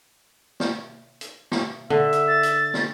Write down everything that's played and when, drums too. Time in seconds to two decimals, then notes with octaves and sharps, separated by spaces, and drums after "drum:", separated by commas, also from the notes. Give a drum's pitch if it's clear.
0.60 drum: snare
1.21 drum: hi-hat
1.52 drum: snare
1.90 D3 E5
2.13 drum: hi-hat
2.28 A6
2.43 drum: hi-hat
2.74 drum: snare